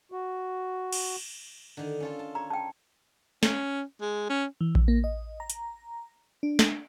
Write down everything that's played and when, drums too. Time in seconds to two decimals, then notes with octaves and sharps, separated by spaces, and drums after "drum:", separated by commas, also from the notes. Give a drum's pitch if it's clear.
0.12 F#4
0.92 drum: cymbal
1.77 D3 D#3
2.00 C#4 F4 A4
2.19 A5
2.35 C#5 A#5
2.50 G5 A5
3.43 C#4, drum: snare
4.01 G#3
4.29 C#4
4.61 E3
4.75 drum: kick A#1
4.88 A#3
5.04 D#5
5.40 A#5
5.50 drum: hi-hat
6.43 D4
6.59 drum: snare